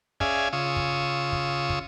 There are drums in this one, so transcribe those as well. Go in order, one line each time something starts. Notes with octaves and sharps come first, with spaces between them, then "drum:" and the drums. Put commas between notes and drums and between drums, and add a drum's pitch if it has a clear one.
C#4 G#4 D5 E5 F5 G#5, drum: kick
C#3 F4 C#6 D#6 E6
drum: kick
drum: kick
drum: kick